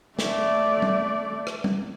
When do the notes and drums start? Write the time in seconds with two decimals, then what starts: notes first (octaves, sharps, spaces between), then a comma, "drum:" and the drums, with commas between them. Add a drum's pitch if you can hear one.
0.19 A3 D5, drum: snare
0.82 drum: tom
1.47 drum: rim click
1.64 drum: tom